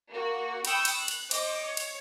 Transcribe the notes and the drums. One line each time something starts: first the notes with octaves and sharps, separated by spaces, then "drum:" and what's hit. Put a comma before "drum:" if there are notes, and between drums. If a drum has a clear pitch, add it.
A#3 F#4
G5 B5 C#6 D#6 E6 G6, drum: cymbal
drum: cymbal
F#6
drum: cymbal
C5 D#5 D6, drum: cymbal
C#5
drum: cymbal